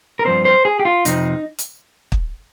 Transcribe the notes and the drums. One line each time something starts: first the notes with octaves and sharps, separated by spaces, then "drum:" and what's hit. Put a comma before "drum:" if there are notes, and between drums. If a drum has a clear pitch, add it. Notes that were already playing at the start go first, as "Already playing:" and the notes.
A#4
G2 F3 C4 C5
C5
G#4
G4
F4
F2 C3 F3 C4 D#4, drum: hi-hat
drum: hi-hat
drum: kick